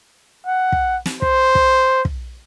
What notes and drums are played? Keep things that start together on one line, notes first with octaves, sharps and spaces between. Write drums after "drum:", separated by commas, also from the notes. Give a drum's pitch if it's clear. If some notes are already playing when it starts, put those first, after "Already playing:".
F#5
drum: kick
drum: snare
C5, drum: kick
drum: kick
drum: kick